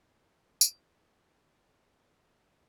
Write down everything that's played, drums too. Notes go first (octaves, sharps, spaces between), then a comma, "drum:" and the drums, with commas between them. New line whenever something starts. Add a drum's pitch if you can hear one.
G2
E3
B5, drum: tambourine
D#2
C#5
G#4
G3
C#3
G3
D3
E5
C6